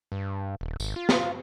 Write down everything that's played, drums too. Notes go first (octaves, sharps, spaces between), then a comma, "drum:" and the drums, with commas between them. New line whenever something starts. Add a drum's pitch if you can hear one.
G2
D#1
G#1, drum: tambourine
F4
drum: snare